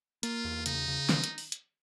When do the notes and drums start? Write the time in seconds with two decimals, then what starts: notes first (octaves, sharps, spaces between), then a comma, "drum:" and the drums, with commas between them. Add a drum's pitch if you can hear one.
0.23 A#3 F4, drum: hi-hat
0.45 E2
0.66 C#3 D#4, drum: hi-hat
0.88 C#3
1.09 drum: snare
1.24 drum: hi-hat
1.38 drum: open hi-hat
1.52 drum: hi-hat